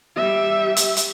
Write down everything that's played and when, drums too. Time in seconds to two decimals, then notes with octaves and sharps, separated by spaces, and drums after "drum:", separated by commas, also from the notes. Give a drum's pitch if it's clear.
0.16 G3 E5
0.77 drum: hi-hat
0.97 drum: hi-hat